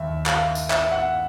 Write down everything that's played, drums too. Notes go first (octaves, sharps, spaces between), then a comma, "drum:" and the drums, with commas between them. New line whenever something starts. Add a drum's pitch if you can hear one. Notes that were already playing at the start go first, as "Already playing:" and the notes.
Already playing: D#2 E5
F5, drum: clap
drum: tambourine
E5, drum: clap
F#5